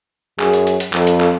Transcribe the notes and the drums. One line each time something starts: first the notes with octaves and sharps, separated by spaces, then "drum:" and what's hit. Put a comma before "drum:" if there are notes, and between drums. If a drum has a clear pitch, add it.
F#2 G#4, drum: clap
drum: hi-hat
drum: hi-hat
drum: hi-hat
F2 A4, drum: clap
drum: hi-hat
drum: clap